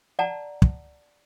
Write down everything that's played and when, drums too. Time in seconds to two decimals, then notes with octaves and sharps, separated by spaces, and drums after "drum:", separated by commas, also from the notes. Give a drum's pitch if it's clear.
0.19 D5 F#5 A5 A#5
0.62 drum: kick